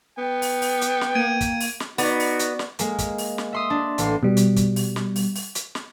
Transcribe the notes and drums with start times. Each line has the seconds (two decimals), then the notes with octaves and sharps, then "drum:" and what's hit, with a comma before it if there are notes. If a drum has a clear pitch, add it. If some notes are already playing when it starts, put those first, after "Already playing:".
0.18 B3 G5
0.42 drum: open hi-hat
0.62 drum: open hi-hat
0.82 drum: hi-hat
1.01 drum: snare
1.15 A#3 G#6 D7 D#7
1.41 drum: kick, hi-hat
1.61 drum: open hi-hat
1.80 drum: snare
1.98 B3 D#4 F#4 D5, drum: open hi-hat
2.20 drum: open hi-hat
2.39 drum: hi-hat
2.59 drum: snare
2.79 G#3 A#3, drum: hi-hat
2.99 drum: kick, hi-hat
3.18 drum: open hi-hat
3.38 drum: snare
3.53 E5 C6 D#6
3.70 D4
3.98 A1 C6, drum: hi-hat
4.23 B2 G3
4.37 drum: hi-hat
4.57 drum: kick, hi-hat
4.76 drum: open hi-hat
4.96 drum: snare
5.16 drum: open hi-hat
5.35 drum: open hi-hat
5.55 drum: hi-hat
5.75 drum: snare